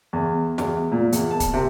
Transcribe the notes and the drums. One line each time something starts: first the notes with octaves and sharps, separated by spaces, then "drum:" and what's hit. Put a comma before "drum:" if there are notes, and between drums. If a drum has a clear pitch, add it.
E2
E2, drum: snare
A#2
E2, drum: hi-hat
A5
drum: kick, hi-hat
C3